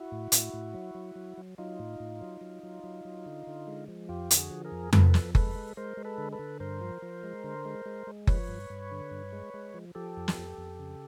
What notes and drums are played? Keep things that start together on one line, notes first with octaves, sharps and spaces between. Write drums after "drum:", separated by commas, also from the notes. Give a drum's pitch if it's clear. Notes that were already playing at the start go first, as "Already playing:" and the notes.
Already playing: E4 F#4
A2
A2, drum: hi-hat
A2
F#3
F#3
F#3
F#3
F#3 D#4 F4
A2
A2
F#3
F#3
F#3
F#3
F#3
D3
D3
G#3
F3
F2 F4 G4
D3, drum: hi-hat
F#4 G#4
F3
G#4 A#4
F2
F3 A4 B4, drum: tom F2
F2, drum: snare
G#3 A4 B4, drum: kick F#1
G#3
G#3 A#4 C5
G#3
A4 B4
D3
A4 B4
D3
G2 A#4 C5
F3
F3
G#3
D3
G#3
G#3
G#3
F3 B4 C#5, drum: kick F#1
G2
G2
D3
G2
G#3
G#3
F3
F3 G4 A4
F2
drum: snare
F2
F2
C#3